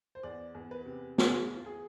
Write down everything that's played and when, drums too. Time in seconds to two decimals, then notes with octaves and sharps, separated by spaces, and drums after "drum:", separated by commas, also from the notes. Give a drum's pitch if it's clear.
0.15 C5
0.23 E2 D5
0.55 E2
0.71 B4
0.86 C3
1.18 E2 G#4, drum: snare
1.50 E2
1.56 F4
1.66 G#4